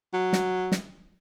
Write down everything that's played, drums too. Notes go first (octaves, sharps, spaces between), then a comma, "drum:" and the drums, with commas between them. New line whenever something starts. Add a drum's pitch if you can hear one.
F#3
drum: snare
drum: snare